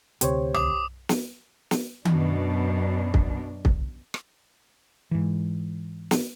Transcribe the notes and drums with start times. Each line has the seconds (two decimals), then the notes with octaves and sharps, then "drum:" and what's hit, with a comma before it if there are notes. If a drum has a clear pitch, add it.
0.21 D2 C3 C4 G4 C5 C#5, drum: hi-hat
0.54 D6 D#6, drum: tom
1.09 drum: snare
1.71 drum: snare
2.05 F#2 B2 D4, drum: tom D#3
3.14 drum: kick
3.65 drum: kick
4.14 drum: rim click
5.11 G#2 E3
6.11 drum: snare